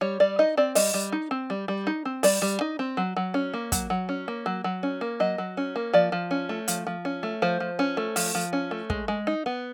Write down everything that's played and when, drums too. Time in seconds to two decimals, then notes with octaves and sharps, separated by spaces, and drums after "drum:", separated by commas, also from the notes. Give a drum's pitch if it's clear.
0.01 G3 C#5
0.20 G3 D5
0.39 D#4 D#5
0.57 C4 D5
0.75 G3 D#5, drum: open hi-hat
0.94 G3
1.12 D#4
1.31 C4
1.50 G3
1.68 G3
1.87 D#4
2.05 C4
2.23 G3 D5, drum: open hi-hat
2.42 G3
2.61 D#4
2.79 C4
2.97 F#3
3.16 F#3
3.34 C#4
3.54 A#3
3.72 F#3, drum: kick, hi-hat
3.90 F#3
4.09 C#4
4.28 A#3
4.46 F#3
4.64 F#3
4.83 C#4
5.01 A#3
5.20 F#3 D#5
5.38 F#3
5.57 C#4
5.76 A#3
5.93 F3 D5
6.12 F3
6.31 C#4
6.49 A3
6.68 F3, drum: hi-hat
6.87 F3
7.05 C#4
7.23 A3
7.42 F3 C5
7.60 F3
7.79 C#4
7.97 A3
8.16 F3, drum: open hi-hat
8.35 F3
8.53 C#4
8.71 A3
8.90 G#3, drum: kick
9.08 G#3
9.27 D#4
9.46 B3